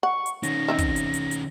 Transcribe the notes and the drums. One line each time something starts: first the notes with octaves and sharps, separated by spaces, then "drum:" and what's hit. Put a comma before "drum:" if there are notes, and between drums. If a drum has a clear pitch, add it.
F#5 C#6
drum: hi-hat
D#3 C#4 A#6, drum: hi-hat
C4 D#4 E5
drum: kick, hi-hat
drum: hi-hat
drum: hi-hat
drum: hi-hat